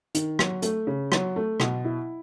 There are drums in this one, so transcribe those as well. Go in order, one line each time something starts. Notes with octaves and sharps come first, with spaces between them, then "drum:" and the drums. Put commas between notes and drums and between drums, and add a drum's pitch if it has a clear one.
D#3, drum: hi-hat
F#3, drum: rim click
A3, drum: hi-hat
C#3
F#3, drum: rim click
A3
B2, drum: rim click
E4